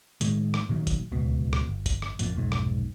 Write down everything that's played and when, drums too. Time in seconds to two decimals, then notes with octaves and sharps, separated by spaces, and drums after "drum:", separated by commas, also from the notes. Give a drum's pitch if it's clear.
0.21 A2 D#3 G#3, drum: hi-hat
0.54 drum: rim click
0.69 A#2 D#3 F#3
0.87 drum: kick F1, hi-hat
1.12 D1 C#2 B2
1.53 drum: rim click
1.68 G1
1.86 drum: kick F1, hi-hat
2.02 drum: rim click
2.19 A1 F2 A#2, drum: hi-hat
2.35 F1 B1 G#2
2.52 drum: rim click